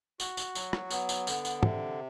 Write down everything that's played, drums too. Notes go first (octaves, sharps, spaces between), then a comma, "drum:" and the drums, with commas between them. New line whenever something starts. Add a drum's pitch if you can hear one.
F#4, drum: tambourine
drum: tambourine
F#3, drum: tambourine
drum: rim click
B3, drum: tambourine
drum: tambourine
D3, drum: tambourine
drum: tambourine
C3, drum: tom